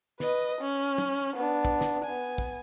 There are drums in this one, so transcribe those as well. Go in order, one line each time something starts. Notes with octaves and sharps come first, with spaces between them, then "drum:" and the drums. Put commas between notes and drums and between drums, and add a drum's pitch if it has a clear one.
B4 D#5, drum: snare
C#4
drum: tom
B3 D4
drum: kick
drum: snare
B3 G#5
drum: kick